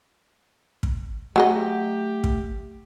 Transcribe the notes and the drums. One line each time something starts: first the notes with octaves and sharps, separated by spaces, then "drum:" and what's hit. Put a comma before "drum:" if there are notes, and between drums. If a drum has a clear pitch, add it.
drum: kick
F#3 A3 G4 G#4 D#5 F#5
drum: kick